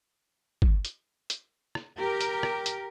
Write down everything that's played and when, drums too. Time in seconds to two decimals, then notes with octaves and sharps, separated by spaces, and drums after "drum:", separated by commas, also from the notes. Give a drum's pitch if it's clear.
0.62 drum: kick
0.85 drum: hi-hat
1.30 drum: hi-hat
1.75 drum: rim click
1.98 G4 A#4
2.21 drum: hi-hat
2.43 drum: rim click
2.66 drum: hi-hat